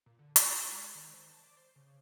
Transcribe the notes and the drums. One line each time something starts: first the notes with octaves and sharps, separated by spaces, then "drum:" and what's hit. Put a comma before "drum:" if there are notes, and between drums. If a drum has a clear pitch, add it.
A#2
D3
F#5, drum: hi-hat
D7
G#3
D#3
C5
A5
D5
C5
C#3